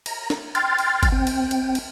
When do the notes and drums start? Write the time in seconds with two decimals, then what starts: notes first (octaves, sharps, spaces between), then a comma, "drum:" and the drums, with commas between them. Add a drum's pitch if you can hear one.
0.06 A#5, drum: cymbal
0.30 drum: snare
0.55 G5 C6 F6 A6, drum: cymbal
0.78 drum: cymbal
1.03 drum: kick G1, cymbal
1.12 C4 G5
1.27 drum: cymbal
1.51 drum: cymbal
1.75 drum: cymbal